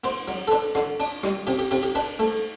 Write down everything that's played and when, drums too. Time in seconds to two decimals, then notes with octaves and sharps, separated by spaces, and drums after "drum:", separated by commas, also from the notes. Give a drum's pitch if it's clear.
0.04 B3 C5, drum: cymbal
0.28 F#3, drum: cymbal
0.48 A4
0.51 D4 B4, drum: cymbal
0.75 D3, drum: rim click
1.00 D4, drum: cymbal
1.23 G3, drum: rim click
1.47 C3 G4, drum: cymbal
1.59 G4
1.71 C3 G4, drum: cymbal
1.83 G4
1.95 D4 B4, drum: cymbal
2.19 A3, drum: cymbal